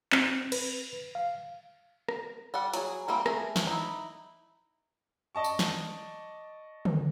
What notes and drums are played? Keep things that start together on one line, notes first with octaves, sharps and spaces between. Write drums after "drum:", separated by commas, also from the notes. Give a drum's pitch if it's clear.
C4, drum: clap
B4, drum: cymbal
F5
drum: rim click
G3 D5 F#5
F#3 G#4, drum: hi-hat
E3 G3 A#3 C4
A3 G#4, drum: rim click
drum: snare
D#4 E4
D5 D#5 A5 C#6
drum: tambourine
drum: snare
drum: tom